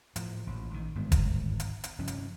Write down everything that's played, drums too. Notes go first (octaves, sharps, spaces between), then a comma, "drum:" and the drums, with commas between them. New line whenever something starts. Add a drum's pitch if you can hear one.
A2 F3, drum: hi-hat
A1 A#2
A1 D#3
G1 G#2 D#3 B3
drum: kick, hi-hat
drum: hi-hat
drum: hi-hat
F1 G2 F3 C#4
drum: hi-hat